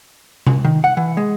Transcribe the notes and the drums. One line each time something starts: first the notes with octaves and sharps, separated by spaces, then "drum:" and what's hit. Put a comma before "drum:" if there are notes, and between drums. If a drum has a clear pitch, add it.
drum: tom C3
D#3
F#5
E3
G#3